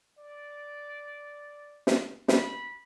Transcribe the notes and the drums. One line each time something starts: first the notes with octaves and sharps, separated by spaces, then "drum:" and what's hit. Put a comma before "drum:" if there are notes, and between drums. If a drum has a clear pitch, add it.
D5
drum: snare
B5, drum: snare